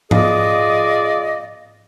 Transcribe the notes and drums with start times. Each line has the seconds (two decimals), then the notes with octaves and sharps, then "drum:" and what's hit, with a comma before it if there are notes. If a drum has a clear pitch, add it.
0.11 F4 G#4 D5 D#5, drum: tom G#2